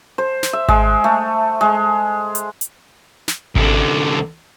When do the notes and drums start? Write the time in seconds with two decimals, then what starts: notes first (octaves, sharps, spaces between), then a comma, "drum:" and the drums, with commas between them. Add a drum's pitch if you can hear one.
0.18 C5
0.43 drum: snare
0.53 E5
0.69 G#3, drum: kick G#1
1.04 A3
1.61 G#3
2.35 drum: hi-hat
2.61 drum: hi-hat
3.28 drum: snare
3.55 C2 D3, drum: kick G#1